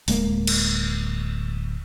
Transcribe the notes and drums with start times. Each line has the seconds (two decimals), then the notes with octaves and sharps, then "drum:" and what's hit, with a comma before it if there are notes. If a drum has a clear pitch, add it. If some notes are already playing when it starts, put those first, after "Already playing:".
0.08 D1 G#3 A#3, drum: open hi-hat
0.47 drum: cymbal